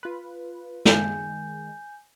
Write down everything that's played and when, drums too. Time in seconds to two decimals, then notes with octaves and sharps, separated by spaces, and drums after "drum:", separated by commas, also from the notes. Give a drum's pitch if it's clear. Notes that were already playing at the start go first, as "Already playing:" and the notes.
0.03 F4 B4
0.85 D#3 G#3 G#5 G6, drum: snare